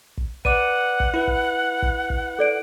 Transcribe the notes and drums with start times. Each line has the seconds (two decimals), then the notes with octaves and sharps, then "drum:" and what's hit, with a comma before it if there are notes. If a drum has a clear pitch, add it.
0.17 drum: kick
0.45 B4 D5 F#5 D6 D#7, drum: kick
1.00 drum: kick
1.14 E4 B4
1.27 drum: kick
1.82 drum: kick
2.10 drum: kick
2.39 A4 D5 D7